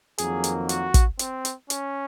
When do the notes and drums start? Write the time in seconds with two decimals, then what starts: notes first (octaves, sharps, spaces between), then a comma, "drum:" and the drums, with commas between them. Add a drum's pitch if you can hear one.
0.18 F2 D#3 F#3 A#3 G#4, drum: hi-hat
0.44 drum: hi-hat
0.69 F#4, drum: hi-hat
0.94 drum: kick, hi-hat
1.19 C4, drum: hi-hat
1.45 drum: hi-hat
1.70 C#4, drum: hi-hat